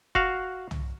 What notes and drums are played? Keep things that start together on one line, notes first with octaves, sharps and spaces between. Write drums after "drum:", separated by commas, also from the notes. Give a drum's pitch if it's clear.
F#4 F5, drum: kick F1
drum: tom